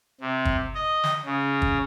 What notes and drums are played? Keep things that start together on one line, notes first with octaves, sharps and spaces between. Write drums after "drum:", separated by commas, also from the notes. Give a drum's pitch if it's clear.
C3
drum: kick
D#5
drum: snare
C#3
drum: kick